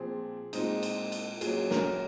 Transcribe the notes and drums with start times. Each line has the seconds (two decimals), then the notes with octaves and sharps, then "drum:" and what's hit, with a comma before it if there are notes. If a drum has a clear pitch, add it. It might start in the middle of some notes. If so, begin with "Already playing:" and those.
Already playing: A#2 F3 C4 G#4
0.53 A#2 G#3 C4 D#4, drum: cymbal
0.83 drum: cymbal
1.12 drum: cymbal
1.41 A#2 F#3 C#4 G#4, drum: cymbal
1.71 A#4, drum: snare